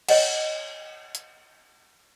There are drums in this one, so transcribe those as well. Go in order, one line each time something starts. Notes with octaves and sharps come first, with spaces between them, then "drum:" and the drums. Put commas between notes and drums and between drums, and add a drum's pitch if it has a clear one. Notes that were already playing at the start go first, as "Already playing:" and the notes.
C#5 D#5 F#5, drum: cymbal
drum: hi-hat